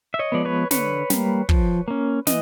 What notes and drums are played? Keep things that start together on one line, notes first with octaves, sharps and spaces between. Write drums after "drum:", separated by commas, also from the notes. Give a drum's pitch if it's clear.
E5
C#5 D#5
F3 G#3 B3 D5
B4 C#5
D3 B4 C#5, drum: snare
G3 A#3, drum: snare
F3, drum: kick
A#3 C#4
E3 D#5, drum: snare